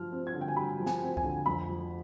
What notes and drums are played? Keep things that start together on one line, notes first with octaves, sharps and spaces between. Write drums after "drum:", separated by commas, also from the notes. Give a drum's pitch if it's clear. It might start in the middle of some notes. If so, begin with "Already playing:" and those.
Already playing: G2 F3 F6
C4
G#6
D3
G5
G#5
G2 B5
F3
G#5, drum: snare
C4
G#5, drum: kick C#2
D3
F2 B5
F3